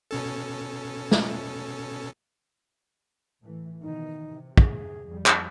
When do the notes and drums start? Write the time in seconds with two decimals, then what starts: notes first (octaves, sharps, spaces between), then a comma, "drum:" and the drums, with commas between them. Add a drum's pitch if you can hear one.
0.11 B2 C#4 A4
1.11 drum: snare
3.39 A2 E3 A3
3.82 B2 D#3 E3 D#4
4.27 C3
4.58 G#4, drum: kick
5.06 F2 G3
5.26 drum: clap